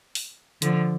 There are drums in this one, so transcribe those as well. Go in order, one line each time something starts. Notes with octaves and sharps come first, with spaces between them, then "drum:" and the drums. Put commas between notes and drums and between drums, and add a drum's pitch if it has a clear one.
drum: open hi-hat
D3 F3, drum: hi-hat